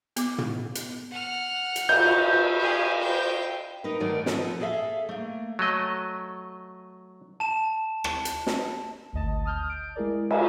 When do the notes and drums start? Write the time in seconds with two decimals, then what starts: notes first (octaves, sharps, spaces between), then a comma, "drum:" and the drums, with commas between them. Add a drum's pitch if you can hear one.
0.16 B3 D6, drum: hi-hat
0.38 drum: tom
0.75 drum: hi-hat
1.11 F#5 F6
1.76 drum: hi-hat
1.89 G6, drum: cymbal
2.59 G4 G#4
3.00 C5 G5
3.84 D#4 A#4 B4
4.00 G#2 D#3 F#3 A3 A#4 D5
4.26 F3 B3 A4, drum: snare
4.60 G#4 A4 D5 E5 F5
5.09 A3 A#3
5.59 F#3 A3 D#5
7.40 A5 E7
8.04 drum: rim click
8.25 drum: hi-hat
8.47 drum: snare
9.13 G#1 D2 D#5 A5
9.44 A5 D#6 F6 G6
9.70 D7
9.96 G#3 E4 G#4 A#4 D5
10.31 G#5, drum: cymbal